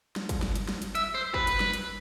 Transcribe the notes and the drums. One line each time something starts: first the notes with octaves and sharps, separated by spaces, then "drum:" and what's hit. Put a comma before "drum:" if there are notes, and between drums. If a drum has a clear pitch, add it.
drum: snare
drum: kick, hi-hat
drum: snare
drum: hi-hat
drum: snare
drum: hi-hat
E5, drum: hi-hat
C5
B4, drum: kick
drum: hi-hat
drum: snare
drum: hi-hat